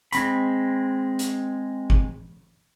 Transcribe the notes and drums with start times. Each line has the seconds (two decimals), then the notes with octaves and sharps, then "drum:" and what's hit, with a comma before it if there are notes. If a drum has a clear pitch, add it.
0.13 G#3 C4 B5, drum: hi-hat
1.19 drum: hi-hat
1.90 drum: kick